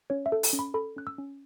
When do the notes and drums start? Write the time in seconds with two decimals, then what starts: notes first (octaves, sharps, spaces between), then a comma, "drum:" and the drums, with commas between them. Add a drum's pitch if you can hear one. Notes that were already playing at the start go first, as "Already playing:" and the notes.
0.10 C#4 C#5
0.26 E5
0.32 A4
0.43 drum: open hi-hat
0.53 C#4
0.59 B5
0.74 A4 B5
0.96 C#4 F#6
1.07 E6
1.18 C#4